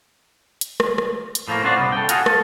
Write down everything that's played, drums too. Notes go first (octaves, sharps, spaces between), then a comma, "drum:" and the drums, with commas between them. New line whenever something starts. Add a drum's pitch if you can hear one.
drum: hi-hat
drum: rim click
drum: rim click
drum: hi-hat
A2 F3 A3 A#3
C4 C#4 F4 F#4 C5 D5
C2 G2 C#3 B3
A4 G5
F4 F#4 G#4 A4, drum: hi-hat
A4, drum: rim click